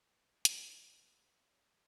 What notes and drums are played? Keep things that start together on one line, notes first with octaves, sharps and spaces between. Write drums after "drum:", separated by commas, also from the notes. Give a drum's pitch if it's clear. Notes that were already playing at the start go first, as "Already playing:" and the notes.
Already playing: B4
drum: hi-hat
A#4
G#4
A#4
B4
C#5
A#4